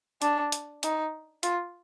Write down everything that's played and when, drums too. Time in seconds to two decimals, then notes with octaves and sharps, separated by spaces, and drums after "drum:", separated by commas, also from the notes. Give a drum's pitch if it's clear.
0.22 D4, drum: hi-hat
0.52 drum: hi-hat
0.83 D#4, drum: hi-hat
1.43 F4, drum: hi-hat